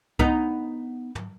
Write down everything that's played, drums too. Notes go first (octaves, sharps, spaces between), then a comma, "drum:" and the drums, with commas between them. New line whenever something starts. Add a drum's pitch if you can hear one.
B3 D#4, drum: kick C2
drum: tom